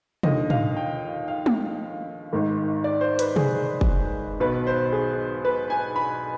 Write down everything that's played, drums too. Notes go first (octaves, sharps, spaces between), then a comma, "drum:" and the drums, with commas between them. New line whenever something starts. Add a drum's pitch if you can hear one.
D#2 D3 F3 D#5, drum: tom
F5, drum: tom
G5
F5
drum: tom
G#1 G#2 D#3
D5
C5
B4, drum: hi-hat
G#4, drum: tom
drum: kick
B1 B2 B4
C5
G#4
B4
G#5
B5